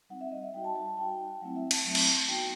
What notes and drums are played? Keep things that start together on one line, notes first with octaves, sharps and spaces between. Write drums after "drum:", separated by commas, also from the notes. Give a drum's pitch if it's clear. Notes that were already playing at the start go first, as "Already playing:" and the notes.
G3 C4 D#4 F#5
E5
D#5
E5
G3 D#4 F#4 G5
A5
A5
G3 D#4 F#4 G5
F#3 A3 C4 E4 F#5
E5
A5, drum: cymbal
F#3 A3 C4 E4
drum: cymbal
B3 D#4 F#4 G5